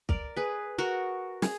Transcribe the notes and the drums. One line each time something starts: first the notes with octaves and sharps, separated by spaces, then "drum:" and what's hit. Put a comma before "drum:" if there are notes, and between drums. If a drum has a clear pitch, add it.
A#4 D5, drum: kick
G#4 B4
F#4 A#4
G#4, drum: snare